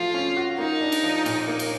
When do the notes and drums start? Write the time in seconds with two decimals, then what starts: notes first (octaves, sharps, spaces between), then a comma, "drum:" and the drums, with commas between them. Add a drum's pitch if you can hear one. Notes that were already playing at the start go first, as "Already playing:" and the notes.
Already playing: F3 A3 F4
0.14 C#4
0.37 F#4
0.58 A#3 D#4
0.81 D4
0.92 drum: cymbal
1.04 F3
1.26 A#2, drum: cymbal
1.48 A#3
1.59 drum: cymbal